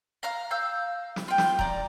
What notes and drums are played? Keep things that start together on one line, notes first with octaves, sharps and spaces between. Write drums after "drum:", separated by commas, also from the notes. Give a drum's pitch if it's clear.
F5 A#5 F6
F5 E6 G6
drum: snare
F4 G5
drum: snare
D5 A#5, drum: kick D#1